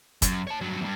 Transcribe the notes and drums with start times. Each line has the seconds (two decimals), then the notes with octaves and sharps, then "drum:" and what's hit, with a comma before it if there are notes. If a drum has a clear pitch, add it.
0.22 F#2, drum: kick, hi-hat
0.47 C#5 A5
0.61 G2 F#3
0.81 E2 G2